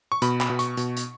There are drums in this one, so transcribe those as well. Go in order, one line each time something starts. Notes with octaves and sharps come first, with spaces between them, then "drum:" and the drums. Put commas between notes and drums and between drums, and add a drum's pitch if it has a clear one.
C#6
B2 B5, drum: hi-hat
B5, drum: clap
B2
C#6, drum: hi-hat
B2, drum: hi-hat
drum: hi-hat